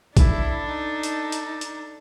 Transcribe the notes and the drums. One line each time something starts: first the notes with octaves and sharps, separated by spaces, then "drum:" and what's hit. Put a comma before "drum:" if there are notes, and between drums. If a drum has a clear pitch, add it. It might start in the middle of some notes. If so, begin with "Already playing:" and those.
D4 E4 A4, drum: kick A#1, hi-hat
D#4
drum: hi-hat
drum: hi-hat
drum: hi-hat